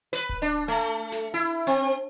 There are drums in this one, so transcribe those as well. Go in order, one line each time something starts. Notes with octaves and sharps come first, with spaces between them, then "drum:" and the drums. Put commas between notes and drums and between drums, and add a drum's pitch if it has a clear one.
B4, drum: snare
drum: kick D1
D4
A3
drum: snare
E4
C4